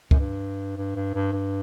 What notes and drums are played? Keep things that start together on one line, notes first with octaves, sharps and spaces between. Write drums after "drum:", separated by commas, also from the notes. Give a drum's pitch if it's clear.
F#2, drum: kick C#2
G2
G2
G2
G2
G2